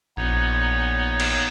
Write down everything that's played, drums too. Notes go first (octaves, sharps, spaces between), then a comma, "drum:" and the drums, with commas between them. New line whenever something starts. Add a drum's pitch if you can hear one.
A#1 B3 D#4 C#5
drum: cymbal